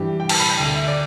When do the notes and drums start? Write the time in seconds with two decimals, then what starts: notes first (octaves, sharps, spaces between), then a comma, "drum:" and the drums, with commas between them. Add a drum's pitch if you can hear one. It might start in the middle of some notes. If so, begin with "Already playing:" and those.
Already playing: G2 E3 G4
0.20 G5
0.29 A5, drum: cymbal
0.40 B5
0.50 G5
0.60 D2 D3 G5
0.74 E5
0.88 D5